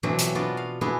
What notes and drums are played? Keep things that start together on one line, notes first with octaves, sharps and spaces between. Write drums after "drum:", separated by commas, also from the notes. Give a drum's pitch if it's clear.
B2 E3 F#3 C4 D4
drum: hi-hat
B3 D4 F4 F#4 D5
F5
B3 D4 E4 F#4 G#4 B4